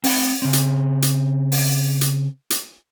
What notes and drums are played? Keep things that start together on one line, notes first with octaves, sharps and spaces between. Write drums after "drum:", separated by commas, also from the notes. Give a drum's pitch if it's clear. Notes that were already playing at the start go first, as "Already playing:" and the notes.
C4 F#5, drum: open hi-hat
C#3 C4
drum: hi-hat
drum: hi-hat
drum: open hi-hat
drum: hi-hat
drum: hi-hat